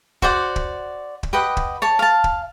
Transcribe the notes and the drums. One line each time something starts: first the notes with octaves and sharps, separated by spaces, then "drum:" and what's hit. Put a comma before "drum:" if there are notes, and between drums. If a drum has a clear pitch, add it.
F#4 C5 D5 F#5, drum: kick
drum: kick
drum: kick
G4 B4 D#5 F#5
drum: kick
C#5 A5
F5 A5
drum: kick